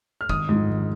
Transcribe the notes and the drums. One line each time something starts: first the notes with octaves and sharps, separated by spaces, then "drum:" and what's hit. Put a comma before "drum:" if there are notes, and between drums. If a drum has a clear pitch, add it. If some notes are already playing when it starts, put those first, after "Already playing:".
F6
G#1 D#6, drum: kick
G#2 F3
G#1